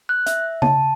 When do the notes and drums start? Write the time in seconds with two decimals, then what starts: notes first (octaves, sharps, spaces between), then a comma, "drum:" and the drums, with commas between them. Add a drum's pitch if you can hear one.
0.09 F#6
0.26 E5, drum: hi-hat
0.62 A5, drum: tom C#3